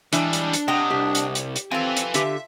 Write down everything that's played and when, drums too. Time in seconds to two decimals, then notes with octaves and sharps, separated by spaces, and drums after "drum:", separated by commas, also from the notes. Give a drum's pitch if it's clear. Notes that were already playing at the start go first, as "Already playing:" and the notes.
0.13 E3 G3 G#3 D4, drum: hi-hat
0.33 drum: hi-hat
0.53 drum: hi-hat
0.68 C3 D#5 F#5 G5
0.90 C2 G4
1.15 drum: hi-hat
1.35 drum: hi-hat
1.56 drum: hi-hat
1.72 C4 F4 A4 B4 G#5
1.97 drum: hi-hat
2.14 D3 G4 E5, drum: hi-hat